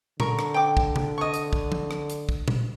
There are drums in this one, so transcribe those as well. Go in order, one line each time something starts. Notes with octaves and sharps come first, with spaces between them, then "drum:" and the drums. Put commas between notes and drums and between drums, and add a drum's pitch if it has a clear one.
D3 A#4 C#6, drum: tom
drum: rim click
G5 D6
drum: kick
drum: tom C3
D#5 C#6
drum: hi-hat
drum: kick
drum: tom
drum: rim click
drum: hi-hat
drum: kick
drum: tom